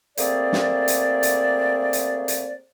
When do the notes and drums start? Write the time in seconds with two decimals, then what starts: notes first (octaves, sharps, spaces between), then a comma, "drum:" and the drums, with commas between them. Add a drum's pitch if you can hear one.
0.17 A3 A#3 C4 G#4 C5 D5, drum: hi-hat
0.53 drum: snare
0.88 drum: hi-hat
1.23 drum: hi-hat
1.93 drum: hi-hat
2.28 drum: hi-hat